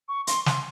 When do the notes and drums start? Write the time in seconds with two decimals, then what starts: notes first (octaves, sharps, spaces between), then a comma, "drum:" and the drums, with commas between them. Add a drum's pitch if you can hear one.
0.09 C#6
0.27 C6, drum: hi-hat
0.46 C6, drum: snare